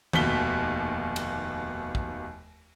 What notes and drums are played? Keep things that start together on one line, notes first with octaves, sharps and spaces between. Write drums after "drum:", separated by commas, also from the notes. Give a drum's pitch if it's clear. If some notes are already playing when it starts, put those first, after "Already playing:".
F1 D#2 B2 B6 G7, drum: tom D#3
drum: cymbal
drum: kick